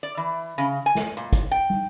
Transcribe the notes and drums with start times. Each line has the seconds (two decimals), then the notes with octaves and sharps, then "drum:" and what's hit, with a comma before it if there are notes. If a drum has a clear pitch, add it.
0.03 D5
0.17 E3
0.58 C#3
0.86 G#5
0.95 drum: snare
1.17 A#2
1.33 drum: kick, hi-hat
1.51 G5
1.70 drum: tom